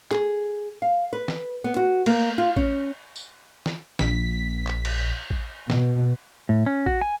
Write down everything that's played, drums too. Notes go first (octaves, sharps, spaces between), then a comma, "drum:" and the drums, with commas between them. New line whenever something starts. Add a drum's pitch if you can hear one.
G#4, drum: clap
F5
B4
drum: snare
B3
F#4
A#3, drum: cymbal
F4
C#4, drum: kick A1
drum: tambourine
drum: snare
A#1 B6, drum: snare
drum: clap
drum: cymbal
drum: kick A1
B2, drum: snare
A2
C#4
F#4, drum: kick A1
G#5